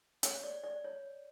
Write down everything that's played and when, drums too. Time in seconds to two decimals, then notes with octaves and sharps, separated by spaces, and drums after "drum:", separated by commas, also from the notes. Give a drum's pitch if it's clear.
0.23 C#5, drum: hi-hat
0.43 D5
0.64 D5
0.84 C#5